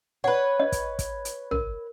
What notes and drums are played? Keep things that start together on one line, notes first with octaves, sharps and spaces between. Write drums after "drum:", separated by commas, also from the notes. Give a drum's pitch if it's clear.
B4 C#5 F#5
D#5
drum: kick, hi-hat
drum: kick, hi-hat
drum: hi-hat
A#4, drum: tom A1